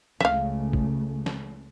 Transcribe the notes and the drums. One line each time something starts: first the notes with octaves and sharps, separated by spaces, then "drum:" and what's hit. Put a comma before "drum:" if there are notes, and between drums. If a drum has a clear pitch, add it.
C#2 C#3 A3 E5 F5, drum: snare
drum: kick
drum: snare